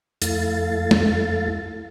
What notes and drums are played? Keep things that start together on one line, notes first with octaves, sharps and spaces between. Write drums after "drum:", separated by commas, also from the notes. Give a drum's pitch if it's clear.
F2 A3 E4 A4 F5 A6, drum: hi-hat
drum: tom